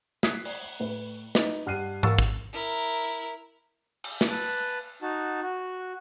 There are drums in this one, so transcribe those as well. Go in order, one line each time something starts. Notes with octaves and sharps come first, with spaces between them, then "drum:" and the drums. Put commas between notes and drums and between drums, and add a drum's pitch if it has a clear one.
D#6 F#6 G#6 B6 C7, drum: snare
drum: open hi-hat
A2 B4
D#4 B4, drum: snare
G2 F#5 F6 F#6 C7 D#7
A#4 F5 F#5 C#6 E6 A6, drum: tom G#2
drum: kick
E4 A#4
drum: cymbal
drum: snare
B4 A5
D#4 F#4 A5
F#4